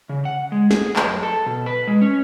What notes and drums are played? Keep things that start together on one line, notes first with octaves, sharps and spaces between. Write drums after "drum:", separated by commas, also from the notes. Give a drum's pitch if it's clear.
C#3
F#5
G#3
G#4, drum: snare
drum: clap
F#2
A4
B2
B4
G#3
C#4